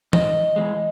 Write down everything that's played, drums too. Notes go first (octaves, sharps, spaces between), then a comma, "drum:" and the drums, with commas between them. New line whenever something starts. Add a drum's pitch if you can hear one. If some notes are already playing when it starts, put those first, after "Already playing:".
G#2 D#5, drum: tom
E3 G#3